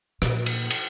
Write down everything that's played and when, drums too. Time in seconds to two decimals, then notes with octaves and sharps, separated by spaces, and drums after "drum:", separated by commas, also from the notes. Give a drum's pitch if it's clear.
0.22 A#2, drum: rim click
0.46 drum: cymbal
0.71 drum: cymbal